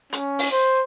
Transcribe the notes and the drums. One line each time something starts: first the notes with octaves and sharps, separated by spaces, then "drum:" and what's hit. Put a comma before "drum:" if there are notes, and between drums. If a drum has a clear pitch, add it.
C#4, drum: hi-hat
drum: open hi-hat
C5